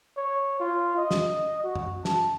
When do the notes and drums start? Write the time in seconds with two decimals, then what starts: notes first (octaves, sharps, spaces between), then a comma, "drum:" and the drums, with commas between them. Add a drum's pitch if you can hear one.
0.17 C#5
0.60 F4
0.97 D#5
1.11 drum: snare
1.63 F#4
1.75 drum: tom F#2
2.05 A5, drum: snare